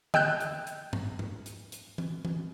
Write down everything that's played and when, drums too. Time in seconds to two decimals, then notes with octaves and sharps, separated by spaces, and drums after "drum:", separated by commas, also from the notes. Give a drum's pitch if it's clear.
0.14 D#5 G5 E6 F#6 G6, drum: tom
0.40 drum: hi-hat
0.67 drum: hi-hat
0.93 drum: tom G2
1.19 drum: tom
1.46 drum: hi-hat
1.72 drum: hi-hat
1.98 drum: tom E3
2.25 drum: tom E3